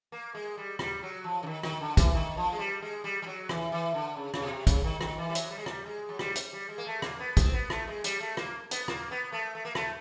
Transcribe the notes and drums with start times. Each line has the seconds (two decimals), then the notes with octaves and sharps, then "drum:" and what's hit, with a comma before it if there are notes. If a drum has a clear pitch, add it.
0.12 A#3
0.35 G#3
0.57 G3
0.79 G3, drum: rim click
1.03 F#3
1.24 F3
1.43 D3
1.46 D#3
1.63 D#3, drum: rim click
1.81 D3
1.97 E3, drum: kick, hi-hat
2.14 D#3
2.37 F3
2.52 G#3
2.59 G3
2.82 G#3
3.04 G3
3.22 G3
3.27 F#3
3.49 E3, drum: rim click
3.72 E3
3.94 D3
4.17 C#3
4.34 C#3, drum: rim click
4.42 B2
4.51 C3
4.67 C#3, drum: kick, hi-hat
4.84 D#3
5.01 D#3, drum: rim click
5.18 E3
5.30 G3
5.35 F#3, drum: hi-hat
5.51 G3
5.58 G#3
5.66 G3, drum: rim click
5.86 G#3
6.09 F#3
6.19 G3, drum: rim click
6.36 drum: hi-hat
6.53 G3
6.69 G#3
6.78 A#3
6.87 A3
7.02 A#3, drum: rim click
7.19 B3
7.37 C4, drum: kick, hi-hat
7.53 B3
7.70 A3, drum: rim click
7.87 G#3
8.04 G3, drum: hi-hat
8.21 A3
8.37 A#3, drum: rim click
8.71 B3, drum: hi-hat
8.88 A#3, drum: rim click
9.11 B3
9.32 A3
9.55 A3
9.65 A#3
9.75 A3, drum: rim click